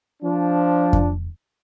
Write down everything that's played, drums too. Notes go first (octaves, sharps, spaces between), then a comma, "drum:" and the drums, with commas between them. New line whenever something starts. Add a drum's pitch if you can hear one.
F3 D4
drum: kick F2